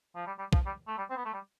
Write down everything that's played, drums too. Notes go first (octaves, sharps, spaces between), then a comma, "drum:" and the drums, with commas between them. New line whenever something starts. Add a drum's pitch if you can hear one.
F3
G3
G3
F3, drum: kick B1
G3
A3
G3
C4
B3
A3
G3